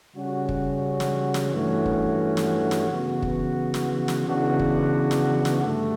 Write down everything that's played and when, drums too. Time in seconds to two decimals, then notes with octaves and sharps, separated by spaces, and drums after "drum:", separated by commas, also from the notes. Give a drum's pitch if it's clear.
0.15 C#3 G3 C#4 F#4
0.49 drum: kick
1.00 drum: snare
1.34 drum: snare
1.52 G2 E3 A3 C#4 F#4
1.86 drum: kick
2.37 drum: snare
2.71 drum: snare
2.88 C#3 E3 B3 F#4
3.22 drum: kick
3.74 drum: snare
4.08 drum: snare
4.25 C#3 E3 B3 D4 F#4
4.59 drum: kick
5.11 drum: snare
5.45 drum: snare
5.62 G2 D3 A3